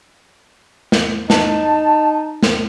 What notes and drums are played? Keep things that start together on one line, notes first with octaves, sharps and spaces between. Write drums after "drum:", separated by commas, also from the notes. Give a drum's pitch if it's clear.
drum: snare
D#4 A5, drum: snare
drum: snare